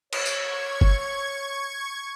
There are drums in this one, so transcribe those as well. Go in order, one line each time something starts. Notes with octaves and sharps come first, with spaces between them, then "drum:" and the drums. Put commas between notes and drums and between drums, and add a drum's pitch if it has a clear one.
C#5 C#6 G#6, drum: cymbal
drum: tambourine
drum: kick G1